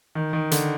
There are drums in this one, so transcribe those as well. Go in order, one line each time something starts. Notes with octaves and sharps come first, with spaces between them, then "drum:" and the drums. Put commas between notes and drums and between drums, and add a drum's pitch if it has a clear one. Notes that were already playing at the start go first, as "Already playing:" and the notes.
D#3
D#3
D3, drum: hi-hat